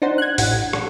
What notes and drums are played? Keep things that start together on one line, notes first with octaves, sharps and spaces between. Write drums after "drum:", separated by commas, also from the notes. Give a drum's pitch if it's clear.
D4 D#4 C5 F#5
F#6 G#6
A1 F#5 G#6, drum: open hi-hat
drum: rim click